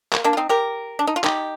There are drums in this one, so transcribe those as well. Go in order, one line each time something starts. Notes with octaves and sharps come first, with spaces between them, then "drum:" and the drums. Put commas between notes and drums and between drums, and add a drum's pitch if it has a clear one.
A#3, drum: clap
A#3 D4
F4
C4 D#4
G4 A#4
D4
D#4
F4
D#4 G4, drum: clap